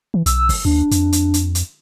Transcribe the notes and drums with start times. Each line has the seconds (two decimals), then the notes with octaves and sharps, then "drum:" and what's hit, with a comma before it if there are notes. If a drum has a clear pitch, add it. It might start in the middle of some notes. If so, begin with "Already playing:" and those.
0.14 E3
0.26 B1 E6, drum: hi-hat
0.49 drum: kick F#1, open hi-hat
0.65 D#2 D4
0.91 F2, drum: hi-hat
1.13 drum: hi-hat
1.34 drum: hi-hat
1.55 drum: hi-hat